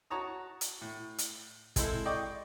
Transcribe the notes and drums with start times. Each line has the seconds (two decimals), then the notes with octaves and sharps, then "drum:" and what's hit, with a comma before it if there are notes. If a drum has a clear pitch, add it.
0.11 F#4 C#5 A5 A#5 D#6
0.61 drum: hi-hat
0.81 A2
1.18 drum: hi-hat
1.76 G#3 C4 E4 A4, drum: kick, hi-hat
2.06 D5 D#5 G5 C#6 D6